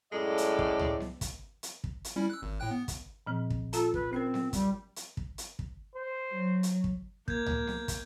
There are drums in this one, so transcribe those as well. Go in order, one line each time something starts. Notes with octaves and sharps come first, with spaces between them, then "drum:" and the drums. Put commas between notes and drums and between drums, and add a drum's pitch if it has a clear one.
F#2 A2 G#3 A4 D5
drum: hi-hat
drum: kick
drum: tom C#2
drum: snare B3
drum: kick, hi-hat
drum: hi-hat
drum: kick
drum: hi-hat
G3 C#4 E4
E6 F#6
G#1
A2 G5 F#6
B3
drum: kick, hi-hat
A#2 F3 C4
drum: kick
F4 A4 A5 A#5, drum: hi-hat
B4, drum: kick
C4 C#4 A#4
drum: snare B3
G3, drum: kick, hi-hat
drum: hi-hat
drum: kick
drum: hi-hat
drum: kick
C5
F#3
drum: hi-hat
drum: kick
A#3 G6 G#6, drum: kick
drum: tom C#2
drum: snare B3
drum: kick, hi-hat